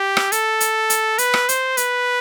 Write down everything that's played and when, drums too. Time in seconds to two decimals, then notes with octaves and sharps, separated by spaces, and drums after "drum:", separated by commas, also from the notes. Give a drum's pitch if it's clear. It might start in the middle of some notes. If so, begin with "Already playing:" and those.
Already playing: G4
0.17 drum: rim click
0.32 A4, drum: hi-hat
0.60 drum: hi-hat
0.90 drum: hi-hat
1.18 B4, drum: hi-hat
1.34 drum: rim click
1.49 C5, drum: hi-hat
1.77 B4, drum: hi-hat